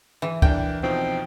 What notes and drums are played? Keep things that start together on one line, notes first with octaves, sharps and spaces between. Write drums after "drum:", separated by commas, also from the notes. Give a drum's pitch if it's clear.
E3
E3 D4 A#4 G5, drum: kick
B2 F3 C4 D#4